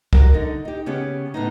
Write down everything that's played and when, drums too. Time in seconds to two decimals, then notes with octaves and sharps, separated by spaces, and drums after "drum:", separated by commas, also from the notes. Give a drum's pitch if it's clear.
0.13 G3 F#4 A#4, drum: kick C2
0.33 D3 D#4
0.65 D#4 G4
0.86 C#3 B3 C#4 G4 G#4
1.34 A2 B3 D#4